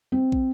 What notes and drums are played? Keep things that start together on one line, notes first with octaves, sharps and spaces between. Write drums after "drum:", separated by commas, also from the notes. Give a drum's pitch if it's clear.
C4
drum: kick